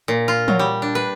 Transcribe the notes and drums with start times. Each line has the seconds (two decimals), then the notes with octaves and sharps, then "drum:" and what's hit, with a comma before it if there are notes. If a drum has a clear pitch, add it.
0.08 A#2
0.28 F4
0.48 F#3, drum: tom
0.59 G3
0.82 D4
0.95 B4